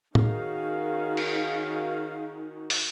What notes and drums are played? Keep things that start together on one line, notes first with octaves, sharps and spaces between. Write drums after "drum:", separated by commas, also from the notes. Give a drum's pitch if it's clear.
D#3 C#4 D#4 F#4 G#4 A#4 C#5 F5, drum: tom
drum: cymbal
drum: open hi-hat